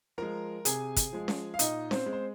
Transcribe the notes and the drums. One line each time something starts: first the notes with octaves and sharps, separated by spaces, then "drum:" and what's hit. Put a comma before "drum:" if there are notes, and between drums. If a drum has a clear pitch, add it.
F3 G#3 A#4 A#5
C3 G#4 G#5, drum: hi-hat
drum: kick, hi-hat
F3 G#3
drum: snare C#4
F5
A#2 D#4 D#5, drum: hi-hat
C4 C5, drum: snare C#4
G#3
C5